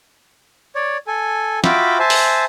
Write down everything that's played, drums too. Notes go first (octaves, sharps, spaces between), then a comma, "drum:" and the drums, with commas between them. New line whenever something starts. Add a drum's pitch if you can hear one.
C#5 D5
A4 G#5
F4 F#4 E5 G5 B5 D6, drum: snare
C5 E5 G#5 A5
drum: open hi-hat